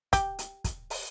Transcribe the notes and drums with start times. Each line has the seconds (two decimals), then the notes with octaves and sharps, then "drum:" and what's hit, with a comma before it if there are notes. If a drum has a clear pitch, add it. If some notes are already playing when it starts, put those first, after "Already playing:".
0.13 G4, drum: kick, hi-hat
0.39 drum: hi-hat
0.64 drum: kick, hi-hat
0.90 drum: open hi-hat